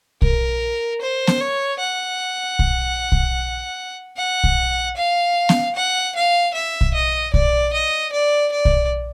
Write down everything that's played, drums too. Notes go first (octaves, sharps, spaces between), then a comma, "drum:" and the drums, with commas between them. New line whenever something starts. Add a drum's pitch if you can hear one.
A#4, drum: kick B1
C5
drum: snare B3
C#5
F#5
drum: kick B1
drum: kick B1
F#5
drum: kick B1
F5
drum: snare B3
F#5
F5
E5
drum: kick B1
D#5
D5, drum: kick B1
D#5
D5
D5
drum: kick B1